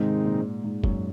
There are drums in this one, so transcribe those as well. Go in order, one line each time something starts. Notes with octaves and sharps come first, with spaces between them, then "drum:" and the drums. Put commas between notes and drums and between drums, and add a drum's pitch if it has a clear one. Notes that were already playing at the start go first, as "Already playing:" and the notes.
Already playing: G#2 C3 D#3 G#3 C4 D#4
A#2
G#2
F#2, drum: kick